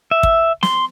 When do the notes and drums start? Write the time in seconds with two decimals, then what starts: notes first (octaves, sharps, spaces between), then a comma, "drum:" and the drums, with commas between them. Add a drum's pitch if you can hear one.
0.11 E5
0.23 drum: kick
0.63 C6, drum: snare